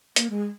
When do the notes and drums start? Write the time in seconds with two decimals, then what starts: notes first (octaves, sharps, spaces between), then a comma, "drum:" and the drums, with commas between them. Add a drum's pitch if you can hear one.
0.16 A#3, drum: hi-hat
0.30 G#3